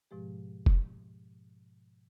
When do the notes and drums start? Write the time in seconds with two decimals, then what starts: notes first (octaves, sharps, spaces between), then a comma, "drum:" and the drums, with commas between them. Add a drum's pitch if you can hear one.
0.11 G#2 B2 F3 G#3 G4
0.66 drum: kick F1